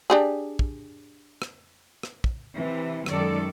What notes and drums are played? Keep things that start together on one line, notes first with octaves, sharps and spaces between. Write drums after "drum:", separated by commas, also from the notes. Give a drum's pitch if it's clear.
D4 G4 G#4
drum: kick
drum: rim click
drum: rim click
drum: kick
C3 E3
F#2 D#3 G#3 A4 D5, drum: rim click